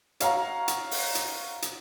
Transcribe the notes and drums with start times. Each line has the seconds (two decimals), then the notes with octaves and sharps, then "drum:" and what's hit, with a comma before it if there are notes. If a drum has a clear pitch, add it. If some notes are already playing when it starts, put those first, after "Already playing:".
0.20 C#5 F5 F#5 A#5, drum: hi-hat
0.68 drum: hi-hat
0.91 drum: open hi-hat
1.15 drum: hi-hat
1.62 drum: hi-hat